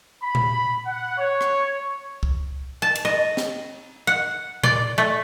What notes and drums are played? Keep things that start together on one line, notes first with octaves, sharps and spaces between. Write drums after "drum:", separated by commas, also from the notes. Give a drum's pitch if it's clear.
B5
drum: tom A#2
F#5
C#5
drum: rim click
drum: kick C2
A5
drum: cymbal
D#5
drum: snare
F#5
D5, drum: tom A#2
A3